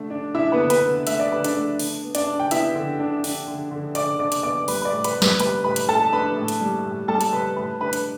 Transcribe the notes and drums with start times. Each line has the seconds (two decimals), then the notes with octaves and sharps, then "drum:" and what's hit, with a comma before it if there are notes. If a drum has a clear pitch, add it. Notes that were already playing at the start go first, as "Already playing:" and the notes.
Already playing: D3 A3 D4
0.10 D4
0.34 D4 E4 E5
0.52 B3 B4
0.59 D3
0.70 B3 B4, drum: hi-hat
0.82 D3
1.07 A3 E5, drum: hi-hat
1.20 D5
1.31 D3 B4
1.44 D4 D5, drum: hi-hat
1.55 A3
1.79 D4, drum: open hi-hat
2.03 B3
2.15 D4 D5, drum: hi-hat
2.27 D4
2.39 G5
2.51 B3 E4 E5, drum: hi-hat
2.75 D3
2.99 D4
3.24 D4, drum: open hi-hat
3.47 D3
3.71 D3
3.95 D3 D5 D6, drum: hi-hat
4.19 D4 D5 D6
4.32 drum: hi-hat
4.43 B3 D5 D6
4.68 G3 B4 B5, drum: open hi-hat
4.82 B5
4.85 D5 D6
4.92 A2
5.04 B4 B5, drum: hi-hat
5.17 A2
5.22 B4 B5, drum: snare
5.40 G3 B4 B5, drum: hi-hat
5.64 A2 B4 B5
5.76 drum: hi-hat
5.88 A2 A4 A5
6.12 D4 B4 B5
6.36 A2
6.48 drum: hi-hat
6.61 G3
6.85 A2
7.08 G3 A4 A5
7.21 drum: hi-hat
7.33 G3 B4 B5
7.56 A2 B4 B5
7.81 D4 B4 B5
7.93 drum: hi-hat